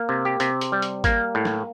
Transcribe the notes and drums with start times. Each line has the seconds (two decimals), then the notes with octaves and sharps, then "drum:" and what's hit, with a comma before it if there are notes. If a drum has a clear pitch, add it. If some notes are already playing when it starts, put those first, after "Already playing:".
Already playing: A#3
0.09 C3
0.25 G4
0.40 C3, drum: hi-hat
0.61 drum: hi-hat
0.72 G3
0.82 drum: hi-hat
1.04 A#3, drum: kick G#1, hi-hat
1.35 A2
1.45 drum: snare